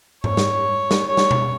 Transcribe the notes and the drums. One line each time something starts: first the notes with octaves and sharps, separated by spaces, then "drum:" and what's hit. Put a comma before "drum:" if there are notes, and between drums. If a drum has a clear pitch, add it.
C#5, drum: tom G#2
drum: snare
drum: snare
C#5
drum: snare
drum: tom B2